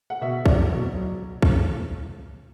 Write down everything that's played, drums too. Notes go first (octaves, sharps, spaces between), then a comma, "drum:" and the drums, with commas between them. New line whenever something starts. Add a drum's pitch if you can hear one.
F#5
B2 E5
F#3 D5, drum: kick
B2
F#3
drum: kick